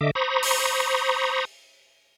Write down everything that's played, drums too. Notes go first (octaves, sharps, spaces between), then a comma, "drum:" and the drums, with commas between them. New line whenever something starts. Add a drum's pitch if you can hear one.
D3 D#5 E5 D6
C5 A#5 B5 C#6 D#6
drum: open hi-hat